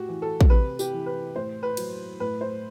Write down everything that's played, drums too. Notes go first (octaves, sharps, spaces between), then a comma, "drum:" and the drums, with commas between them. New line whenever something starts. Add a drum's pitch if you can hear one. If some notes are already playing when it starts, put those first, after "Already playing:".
Already playing: A2 F#4 G4
E3
A4
drum: kick
C3 B4
G4, drum: tambourine
E3
B4
A2 C5
B4
F#3, drum: cymbal
A2 B4
C5